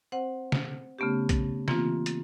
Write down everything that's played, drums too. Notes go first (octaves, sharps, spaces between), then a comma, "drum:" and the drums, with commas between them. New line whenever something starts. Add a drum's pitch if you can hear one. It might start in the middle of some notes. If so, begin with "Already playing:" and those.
C4 C5 F#5
drum: snare
C#3 A3 B3 C#4 G4
drum: kick, hi-hat
E3 A#3 C4 F4, drum: snare
drum: hi-hat